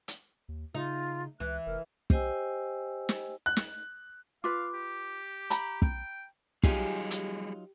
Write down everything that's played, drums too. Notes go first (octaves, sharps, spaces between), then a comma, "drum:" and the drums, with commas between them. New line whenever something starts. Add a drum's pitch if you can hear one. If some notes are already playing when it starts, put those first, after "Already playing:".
drum: hi-hat
D#2
C#3 D#4 F4
C#2 E3 F#6
F1 A#4
G4 C5 D#5 G5 G#5 E6, drum: kick
drum: snare
F#6
drum: snare
F4 B4 F5 D6
G4
A#5 B5, drum: hi-hat
G5, drum: kick
F#3 G3 D#4 F4 G4 G#4 G#5, drum: kick
drum: hi-hat